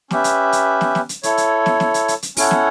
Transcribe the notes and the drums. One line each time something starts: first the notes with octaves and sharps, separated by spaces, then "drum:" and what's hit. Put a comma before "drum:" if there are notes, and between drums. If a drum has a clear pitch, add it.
C#4 G4 B4 E5, drum: snare
drum: hi-hat
drum: hi-hat
drum: snare
drum: snare
drum: hi-hat
E4 A4 C#5, drum: hi-hat
drum: hi-hat
drum: snare
drum: snare
drum: hi-hat
drum: hi-hat
drum: hi-hat
C#4 E4 A4 C#5 F#5, drum: open hi-hat
drum: snare